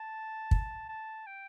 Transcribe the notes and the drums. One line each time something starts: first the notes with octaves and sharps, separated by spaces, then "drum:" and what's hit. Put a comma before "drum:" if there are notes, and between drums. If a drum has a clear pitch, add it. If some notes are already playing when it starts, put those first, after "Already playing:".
Already playing: A5
drum: kick
A5
G5